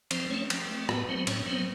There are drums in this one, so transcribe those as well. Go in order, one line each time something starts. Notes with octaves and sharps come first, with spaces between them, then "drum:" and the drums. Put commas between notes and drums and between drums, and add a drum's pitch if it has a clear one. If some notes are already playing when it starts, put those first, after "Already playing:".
F3 C4 C5, drum: cymbal
A3 C4 C#4 C#5
F3, drum: cymbal
A3 C4
A2 B3 B4, drum: rim click
F#3 B3 C4 C5
A2 C#4 C#5, drum: cymbal
F#3 B3 C4 C5